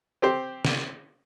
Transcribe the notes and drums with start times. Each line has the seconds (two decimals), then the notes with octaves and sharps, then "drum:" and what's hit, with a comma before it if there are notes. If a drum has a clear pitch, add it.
0.22 C4 G4 C5
0.65 drum: snare